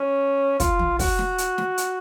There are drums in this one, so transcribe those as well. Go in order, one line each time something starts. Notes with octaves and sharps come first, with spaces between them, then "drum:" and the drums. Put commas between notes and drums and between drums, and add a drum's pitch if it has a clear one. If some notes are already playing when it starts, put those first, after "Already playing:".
Already playing: C#4
F4, drum: kick, hi-hat
drum: tom
F#4, drum: kick, open hi-hat
drum: snare
drum: hi-hat
drum: snare
drum: hi-hat